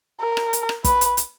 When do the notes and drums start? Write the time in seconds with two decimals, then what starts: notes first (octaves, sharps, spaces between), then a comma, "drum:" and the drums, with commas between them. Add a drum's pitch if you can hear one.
0.20 A#4
0.37 drum: rim click
0.53 drum: hi-hat
0.69 drum: rim click
0.84 B4, drum: kick, hi-hat
1.01 drum: hi-hat
1.17 drum: hi-hat